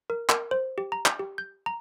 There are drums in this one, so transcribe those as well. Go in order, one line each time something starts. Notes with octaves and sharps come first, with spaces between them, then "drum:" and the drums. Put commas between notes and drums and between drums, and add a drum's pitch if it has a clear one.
A#4
A#4, drum: clap
C5
G4
A#5
G6, drum: clap
G4
G6
A#5